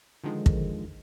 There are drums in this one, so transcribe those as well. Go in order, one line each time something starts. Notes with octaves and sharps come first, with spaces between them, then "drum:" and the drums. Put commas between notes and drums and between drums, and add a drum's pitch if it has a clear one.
D3 D#3 F3 G#3
drum: kick